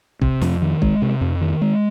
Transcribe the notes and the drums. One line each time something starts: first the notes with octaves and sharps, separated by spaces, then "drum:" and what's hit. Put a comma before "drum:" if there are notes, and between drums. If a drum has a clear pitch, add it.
C3, drum: kick
F2, drum: snare
D#3
G#3, drum: kick
C3
F2
D#3
G#3